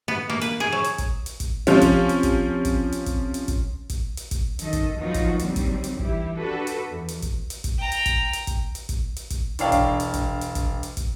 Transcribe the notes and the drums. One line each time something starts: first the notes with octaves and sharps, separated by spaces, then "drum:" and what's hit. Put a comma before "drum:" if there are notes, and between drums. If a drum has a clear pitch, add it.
B3
A#3
B4, drum: hi-hat
G#4
F#3
drum: hi-hat
drum: kick, hi-hat
drum: hi-hat
drum: kick, hi-hat
C3 F3 C#4, drum: hi-hat
drum: kick, hi-hat
drum: hi-hat
drum: kick, hi-hat
drum: kick, hi-hat
drum: hi-hat
drum: kick, hi-hat
drum: hi-hat
drum: kick, hi-hat
drum: kick, hi-hat
drum: hi-hat
drum: kick, hi-hat
F#2 D#3 A4 D#5, drum: hi-hat
drum: kick, hi-hat
F3 F#3 B3 D#4 F4 F#4
drum: kick, hi-hat
D#2 D3 F#3 G3 C4, drum: hi-hat
drum: kick, hi-hat
drum: hi-hat
E3 E4 G4, drum: kick
D4 F#4 G4 A4 B4
drum: hi-hat
E2
drum: hi-hat
drum: kick, hi-hat
drum: hi-hat
drum: kick, hi-hat
G5 A#5
drum: hi-hat
drum: kick, hi-hat
drum: hi-hat
drum: kick, hi-hat
drum: hi-hat
drum: kick, hi-hat
drum: hi-hat
drum: kick, hi-hat
E1 D4 C#5 F5 G5, drum: hi-hat
drum: kick, hi-hat
drum: hi-hat
drum: kick, hi-hat
drum: hi-hat
drum: kick, hi-hat
drum: hi-hat
drum: kick, hi-hat